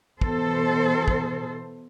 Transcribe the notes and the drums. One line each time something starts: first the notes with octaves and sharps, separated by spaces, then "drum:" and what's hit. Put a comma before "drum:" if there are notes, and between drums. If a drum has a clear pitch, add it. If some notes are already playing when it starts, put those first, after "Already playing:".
B2 E3 A4 C5, drum: kick
drum: kick